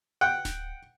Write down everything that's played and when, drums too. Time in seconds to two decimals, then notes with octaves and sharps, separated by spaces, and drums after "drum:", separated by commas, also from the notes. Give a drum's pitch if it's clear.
0.21 F#5 G5
0.45 drum: snare D1